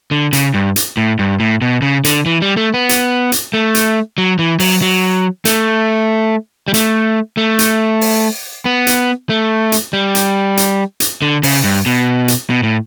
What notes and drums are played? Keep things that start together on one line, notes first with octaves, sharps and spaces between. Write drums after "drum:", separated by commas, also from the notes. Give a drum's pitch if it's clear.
D3
C#3, drum: hi-hat
G2
drum: hi-hat
A2
G2
A2
B2
C#3
D3, drum: hi-hat
E3
G3
A3
B3
drum: hi-hat
drum: hi-hat
A3
drum: hi-hat
F#3
E3
F#3, drum: open hi-hat
F#3
A3, drum: hi-hat
G3
A3, drum: hi-hat
A3
drum: hi-hat
drum: open hi-hat
B3
drum: hi-hat
A3
drum: hi-hat
G3
drum: hi-hat
drum: hi-hat
drum: hi-hat
D3
C#3, drum: open hi-hat
G2
B2
drum: hi-hat
B2
A2